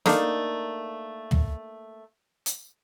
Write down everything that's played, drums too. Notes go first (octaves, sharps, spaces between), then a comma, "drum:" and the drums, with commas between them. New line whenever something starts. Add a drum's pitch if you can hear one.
A3 A#3 D4 D#4, drum: snare
drum: tom
drum: hi-hat